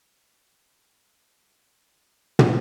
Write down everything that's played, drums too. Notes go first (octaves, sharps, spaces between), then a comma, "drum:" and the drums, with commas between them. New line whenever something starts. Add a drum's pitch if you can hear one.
G4
G4 G#4 B4 D#5
A2 A#4
drum: tom